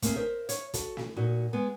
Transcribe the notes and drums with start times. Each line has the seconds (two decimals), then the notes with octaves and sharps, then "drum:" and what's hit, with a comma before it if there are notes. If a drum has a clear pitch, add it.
0.02 A3 A#3 C4 G#4 E5, drum: kick, hi-hat
0.16 A#4 C5 E5
0.49 C#5, drum: hi-hat
0.74 F#4 A4, drum: kick, hi-hat
0.97 drum: snare
1.16 A#2 D#4 F#4
1.53 G#3 B3